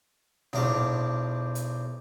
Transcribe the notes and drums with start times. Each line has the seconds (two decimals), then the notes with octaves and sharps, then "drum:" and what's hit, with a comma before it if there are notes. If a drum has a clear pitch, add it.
0.53 B1 E2 F3 D4 A#4 A5, drum: tom
1.55 drum: hi-hat